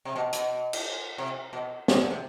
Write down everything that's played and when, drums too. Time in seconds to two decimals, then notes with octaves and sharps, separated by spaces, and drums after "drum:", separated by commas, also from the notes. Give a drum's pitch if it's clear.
0.05 C3
0.16 B2
0.33 B2, drum: hi-hat
0.73 drum: cymbal
1.18 C3
1.53 B2
1.88 A2, drum: snare
2.01 D3
2.10 C3